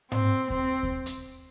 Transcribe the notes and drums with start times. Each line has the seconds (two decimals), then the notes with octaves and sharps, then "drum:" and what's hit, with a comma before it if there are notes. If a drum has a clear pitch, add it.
0.12 C4, drum: tom G#2
0.50 C4, drum: kick D#2
0.83 drum: kick D#2
1.06 drum: hi-hat